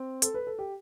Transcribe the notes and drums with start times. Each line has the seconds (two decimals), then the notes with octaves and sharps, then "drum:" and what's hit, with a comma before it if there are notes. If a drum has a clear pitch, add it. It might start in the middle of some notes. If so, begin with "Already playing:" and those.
Already playing: C4
0.22 A4, drum: hi-hat
0.34 B4
0.47 A4
0.59 G4